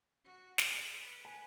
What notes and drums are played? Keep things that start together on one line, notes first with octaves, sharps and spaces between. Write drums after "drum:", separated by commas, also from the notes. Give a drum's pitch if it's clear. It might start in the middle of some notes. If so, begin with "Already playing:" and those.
F#4
G#4, drum: snare
B4
G#5